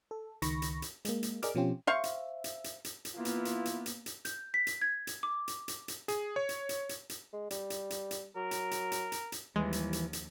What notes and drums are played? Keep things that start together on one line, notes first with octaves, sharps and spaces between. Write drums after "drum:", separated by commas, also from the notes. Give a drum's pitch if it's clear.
A4
C#2 D#3 B5 C#6 A#6, drum: hi-hat
drum: hi-hat
drum: hi-hat
G#3 A#3, drum: hi-hat
drum: hi-hat
G#4 A#4 D5 D#5 D6 F6, drum: hi-hat
B2 F3 C4 C#4 F4 G4
C5 E5 F5 C#6
drum: hi-hat
drum: hi-hat
drum: hi-hat
drum: hi-hat
drum: hi-hat
E3 A#3 B3 E4 F4
drum: hi-hat
drum: hi-hat
drum: hi-hat
drum: hi-hat
drum: hi-hat
G6, drum: hi-hat
B6
drum: hi-hat
G#6
drum: hi-hat
D6
drum: hi-hat
drum: hi-hat
drum: hi-hat
G#4, drum: hi-hat
C#5
drum: hi-hat
drum: hi-hat
drum: hi-hat
drum: hi-hat
G#3
G3, drum: hi-hat
drum: hi-hat
drum: hi-hat
drum: hi-hat
F#3 A#4
drum: hi-hat
drum: hi-hat
drum: hi-hat
drum: hi-hat
drum: hi-hat
D#2 E3 F3 G3 G#3
drum: hi-hat
drum: hi-hat
drum: hi-hat